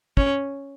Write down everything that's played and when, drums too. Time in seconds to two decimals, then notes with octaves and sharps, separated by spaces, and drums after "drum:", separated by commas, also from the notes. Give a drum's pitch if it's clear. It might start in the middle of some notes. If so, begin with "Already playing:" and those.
0.17 C#4, drum: kick